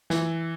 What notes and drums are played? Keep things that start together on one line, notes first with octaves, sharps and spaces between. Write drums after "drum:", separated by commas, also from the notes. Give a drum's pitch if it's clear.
E3, drum: snare